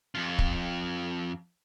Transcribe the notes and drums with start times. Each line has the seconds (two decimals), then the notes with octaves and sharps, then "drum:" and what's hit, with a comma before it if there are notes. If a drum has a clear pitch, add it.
0.15 F2 F4
0.38 drum: kick